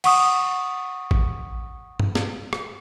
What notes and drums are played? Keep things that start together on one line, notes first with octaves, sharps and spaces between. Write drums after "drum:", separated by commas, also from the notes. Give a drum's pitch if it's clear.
F#5 C#6 D#6, drum: cymbal
drum: kick
drum: tom G2
drum: snare
drum: rim click